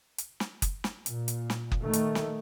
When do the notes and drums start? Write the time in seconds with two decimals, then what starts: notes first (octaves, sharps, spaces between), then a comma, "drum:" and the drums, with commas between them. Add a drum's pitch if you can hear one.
0.18 drum: hi-hat
0.40 drum: snare
0.62 drum: kick F#1, hi-hat
0.84 drum: snare
1.06 A#2, drum: hi-hat
1.28 drum: hi-hat
1.50 drum: snare
1.72 drum: kick F#1
1.83 D#3 A3
1.93 drum: hi-hat
2.15 drum: snare